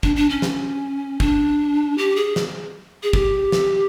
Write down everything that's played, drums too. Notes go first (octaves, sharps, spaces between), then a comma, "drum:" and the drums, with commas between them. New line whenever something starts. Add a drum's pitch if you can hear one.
D4, drum: kick
D4
C#4
drum: snare
D4, drum: kick
G4
G#4
drum: snare
G#4
G4, drum: kick
drum: snare